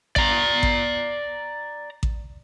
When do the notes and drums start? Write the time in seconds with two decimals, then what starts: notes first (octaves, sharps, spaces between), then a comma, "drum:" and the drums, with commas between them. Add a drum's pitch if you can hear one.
0.16 D5 A#5, drum: kick A1
0.63 drum: kick A1
2.03 drum: kick A1